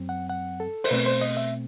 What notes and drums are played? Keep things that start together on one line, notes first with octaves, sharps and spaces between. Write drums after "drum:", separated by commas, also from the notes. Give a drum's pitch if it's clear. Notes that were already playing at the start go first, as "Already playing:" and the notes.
Already playing: F#2 F#3 C4
F#5
F#5
A4
C5, drum: open hi-hat
B2 A3 C4 B4
C5
D#5
E5